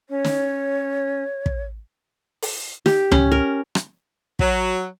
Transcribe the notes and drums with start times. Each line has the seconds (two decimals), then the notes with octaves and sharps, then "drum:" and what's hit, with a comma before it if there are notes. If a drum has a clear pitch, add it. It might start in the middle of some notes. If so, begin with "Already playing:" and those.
0.10 C#4 C#5
0.24 drum: snare
1.46 drum: kick
2.42 drum: open hi-hat
2.86 G4, drum: snare
3.12 C#4, drum: tom C#2
3.32 A#4
3.75 drum: rim click
4.39 F#3, drum: kick